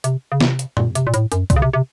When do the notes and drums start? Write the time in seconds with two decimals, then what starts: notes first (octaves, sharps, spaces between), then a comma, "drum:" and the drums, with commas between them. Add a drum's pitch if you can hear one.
0.04 C3, drum: hi-hat
0.32 C#3
0.41 C3, drum: snare
0.59 drum: hi-hat
0.77 A#2, drum: tom F#2
0.95 C3, drum: hi-hat
1.07 A#2
1.14 A2, drum: hi-hat
1.32 F#2, drum: hi-hat
1.50 A#2, drum: kick C2, hi-hat
1.56 C#3
1.62 C3
1.73 C3